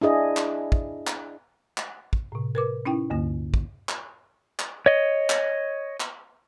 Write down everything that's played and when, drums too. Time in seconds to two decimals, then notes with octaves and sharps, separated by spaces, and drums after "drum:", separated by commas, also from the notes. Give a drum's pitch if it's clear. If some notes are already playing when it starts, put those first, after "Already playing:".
0.01 D4 E4 G#4 D#5
0.37 drum: clap
0.72 drum: kick
1.07 drum: clap
1.78 drum: clap
2.13 drum: kick
2.32 A2 C3
2.55 A#4 B4 D6
2.85 C#4 D#4 E4 G5
3.10 D2 G2 D3 A#3
3.54 drum: kick
3.89 drum: clap
4.59 drum: clap
4.86 C#5 D#5
5.30 drum: clap
6.00 drum: clap